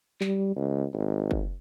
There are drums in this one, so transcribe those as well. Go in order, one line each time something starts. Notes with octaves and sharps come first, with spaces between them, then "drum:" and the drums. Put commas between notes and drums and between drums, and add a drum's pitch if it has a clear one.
G3, drum: clap
C#2
G#1
drum: kick